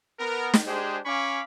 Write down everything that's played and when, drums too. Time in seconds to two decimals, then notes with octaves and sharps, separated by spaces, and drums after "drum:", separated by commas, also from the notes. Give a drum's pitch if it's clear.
0.20 B3 A#4
0.54 drum: snare
0.67 G#3 D4 G4 G#4 C5
1.06 C#4 F5 G#5 B5 C#6 D6